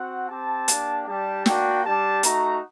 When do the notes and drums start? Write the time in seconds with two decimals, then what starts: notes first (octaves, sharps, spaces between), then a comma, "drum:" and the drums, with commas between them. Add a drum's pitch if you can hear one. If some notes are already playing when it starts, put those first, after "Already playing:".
Already playing: C4 F#4 F#5
0.29 C4 G4 A5
0.68 A#3 D4 G4, drum: hi-hat
1.07 G3 D4 G4 A5
1.46 A#3 D4 F#4 G5, drum: snare
1.84 G3 D4 G4 A5
2.23 A3 D#4 F#4 A#5, drum: hi-hat